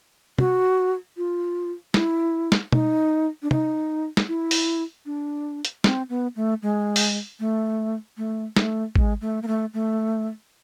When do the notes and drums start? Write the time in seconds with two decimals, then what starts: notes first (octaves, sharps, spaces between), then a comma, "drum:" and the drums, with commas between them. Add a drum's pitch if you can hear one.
0.39 F#4, drum: tom
1.17 F4
1.94 E4, drum: snare
2.52 drum: snare
2.72 D#4, drum: tom
3.42 D4
3.51 D#4, drum: tom
4.17 drum: snare
4.28 E4
4.51 drum: open hi-hat
5.06 D4
5.65 drum: hi-hat
5.84 C4, drum: snare
6.09 B3
6.36 A3
6.62 G#3
6.96 drum: open hi-hat
7.40 A3
8.17 A3
8.56 A3, drum: snare
8.95 G#3, drum: kick G#1
9.21 A3
9.43 A#3
9.48 A3
9.74 A3